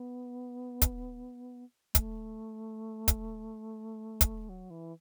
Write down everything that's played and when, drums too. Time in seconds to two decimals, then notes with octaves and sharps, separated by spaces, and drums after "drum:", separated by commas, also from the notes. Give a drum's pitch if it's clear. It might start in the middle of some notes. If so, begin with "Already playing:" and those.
Already playing: B3
0.82 drum: kick, hi-hat
1.95 A3, drum: kick, hi-hat
3.08 drum: kick, hi-hat
4.21 drum: kick, hi-hat
4.49 F#3
4.70 E3